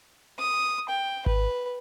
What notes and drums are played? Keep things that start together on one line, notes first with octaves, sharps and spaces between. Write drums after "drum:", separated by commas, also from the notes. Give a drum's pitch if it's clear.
D#6
G5
B4, drum: kick G#1